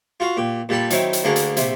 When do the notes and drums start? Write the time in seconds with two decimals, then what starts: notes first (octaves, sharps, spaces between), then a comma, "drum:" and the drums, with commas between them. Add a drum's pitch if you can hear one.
0.20 F4 F#4 F5
0.37 A#2 G4
0.69 A#2 G3 A4 A5 B5
0.90 D#3 F#3 C4 E4, drum: hi-hat
1.13 drum: hi-hat
1.24 D2 A#3 D4 F#4 G#4 F5
1.36 drum: hi-hat
1.57 A#1 C3 E5, drum: hi-hat